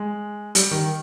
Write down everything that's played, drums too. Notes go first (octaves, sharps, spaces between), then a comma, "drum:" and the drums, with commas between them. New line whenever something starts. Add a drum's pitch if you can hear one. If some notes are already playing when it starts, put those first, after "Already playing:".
Already playing: G#3
G3, drum: hi-hat
D#3